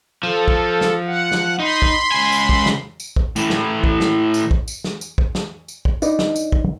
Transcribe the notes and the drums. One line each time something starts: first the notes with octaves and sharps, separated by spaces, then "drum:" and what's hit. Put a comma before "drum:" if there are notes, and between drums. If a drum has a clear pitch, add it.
F3 A4
drum: kick
drum: snare
F#5
drum: snare
D#4 B5 C6
drum: kick
C#2 G#5
drum: tambourine
drum: kick
drum: snare
drum: tambourine
drum: kick
A2 E3, drum: tambourine
drum: snare
drum: kick
drum: snare
drum: tambourine
drum: kick
drum: tambourine
drum: snare
drum: tambourine
drum: kick
drum: snare
drum: tambourine
drum: kick
D4 D#4 B4 D5, drum: tambourine
drum: snare
drum: tambourine
drum: kick